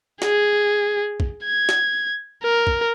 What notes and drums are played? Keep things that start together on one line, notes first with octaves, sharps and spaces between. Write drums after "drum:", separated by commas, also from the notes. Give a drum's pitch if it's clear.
G#4, drum: snare
drum: kick
G#6
drum: snare
A#4
drum: kick